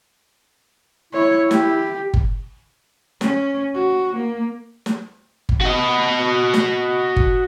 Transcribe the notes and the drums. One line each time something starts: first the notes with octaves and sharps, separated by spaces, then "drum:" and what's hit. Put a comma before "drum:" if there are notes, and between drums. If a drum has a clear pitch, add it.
E4 C#5
G4, drum: snare
drum: kick G1
C#4, drum: snare
F#4
A#3
drum: snare
drum: kick G1
F#4 D#5
drum: snare
drum: kick G1